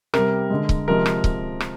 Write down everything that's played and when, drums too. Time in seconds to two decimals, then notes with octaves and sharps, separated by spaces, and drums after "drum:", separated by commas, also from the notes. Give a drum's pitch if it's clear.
0.14 C3 G3 A#4, drum: rim click
0.50 D3 G#3
0.69 drum: kick C#1
0.88 C3 F3 G#3 A#4
1.06 drum: rim click
1.24 drum: kick C#1
1.60 drum: rim click